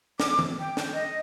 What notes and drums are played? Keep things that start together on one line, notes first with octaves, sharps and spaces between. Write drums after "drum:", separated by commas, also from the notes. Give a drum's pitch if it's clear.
D6, drum: snare
drum: tom D#3
G5
drum: snare
D#5